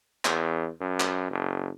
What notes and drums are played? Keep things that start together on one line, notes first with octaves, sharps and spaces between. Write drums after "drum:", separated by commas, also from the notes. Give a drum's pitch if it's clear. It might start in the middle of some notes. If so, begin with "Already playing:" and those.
E2, drum: clap
F#2
drum: clap
F#1